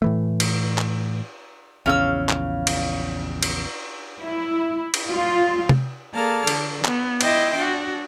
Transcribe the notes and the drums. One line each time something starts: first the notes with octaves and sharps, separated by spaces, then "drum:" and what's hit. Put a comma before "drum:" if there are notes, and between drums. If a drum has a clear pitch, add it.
A2 E3 A3
drum: cymbal
drum: clap
A#1 E2 C#3 C#4 F5 E6
drum: clap
drum: cymbal
drum: cymbal
E4
drum: cymbal
F4
drum: tom C3
A#3 G#4 A4 D5 A5 F6
D3, drum: cymbal
B3, drum: clap
E4 D#5 E5 G5 C6 D6, drum: cymbal
D4 F#4